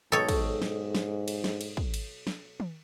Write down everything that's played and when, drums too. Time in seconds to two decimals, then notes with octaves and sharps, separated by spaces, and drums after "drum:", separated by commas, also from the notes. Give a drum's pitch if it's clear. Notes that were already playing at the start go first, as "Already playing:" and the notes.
0.12 B1 G#2 A4 C#5 D#5 G5
0.29 drum: kick, cymbal
0.62 drum: snare
0.95 drum: snare
1.28 drum: cymbal
1.44 drum: snare
1.61 drum: cymbal
1.77 drum: kick
1.94 drum: cymbal
2.27 drum: snare
2.60 drum: tom